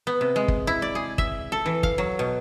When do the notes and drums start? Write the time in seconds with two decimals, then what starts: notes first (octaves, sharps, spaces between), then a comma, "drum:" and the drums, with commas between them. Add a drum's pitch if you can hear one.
0.07 B3
0.21 C3
0.36 G#3
0.48 drum: kick
0.67 E4
0.82 D5
0.95 G#4
1.18 E5, drum: kick
1.52 A4
1.66 E3
1.83 F5, drum: kick
1.98 F#3
2.19 B2